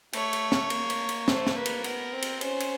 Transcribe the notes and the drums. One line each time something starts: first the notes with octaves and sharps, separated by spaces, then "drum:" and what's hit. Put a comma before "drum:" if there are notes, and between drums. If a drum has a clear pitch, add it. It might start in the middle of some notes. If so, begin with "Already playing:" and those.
A3 C#5, drum: cymbal
drum: cymbal
drum: snare
A#3, drum: cymbal
drum: cymbal
drum: cymbal
A3 C5, drum: snare
drum: snare
A#3 B4
drum: cymbal
B3 A#4, drum: cymbal
C4
drum: cymbal
C#4 C5, drum: cymbal
drum: cymbal